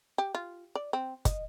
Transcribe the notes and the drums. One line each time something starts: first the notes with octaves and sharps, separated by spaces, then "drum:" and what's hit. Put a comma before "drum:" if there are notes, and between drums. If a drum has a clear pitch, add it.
G4
F4
D5
C4
D#5, drum: kick, hi-hat